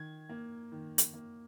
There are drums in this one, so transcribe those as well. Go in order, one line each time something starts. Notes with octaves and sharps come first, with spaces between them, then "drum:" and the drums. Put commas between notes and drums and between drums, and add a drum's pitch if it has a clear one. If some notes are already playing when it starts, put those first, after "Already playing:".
Already playing: D#3 G#6
A#3
D#3
drum: hi-hat
A#3